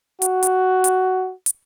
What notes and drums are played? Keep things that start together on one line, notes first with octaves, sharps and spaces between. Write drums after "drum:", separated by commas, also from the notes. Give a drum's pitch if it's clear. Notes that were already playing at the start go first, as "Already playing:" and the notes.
F#4, drum: hi-hat
drum: hi-hat
drum: hi-hat
drum: hi-hat